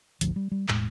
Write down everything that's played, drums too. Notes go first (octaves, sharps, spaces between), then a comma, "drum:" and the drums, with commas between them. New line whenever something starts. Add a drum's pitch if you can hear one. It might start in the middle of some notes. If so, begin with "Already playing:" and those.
G#1 D2 F3, drum: hi-hat
G3
G3
E1 A2 G#3, drum: clap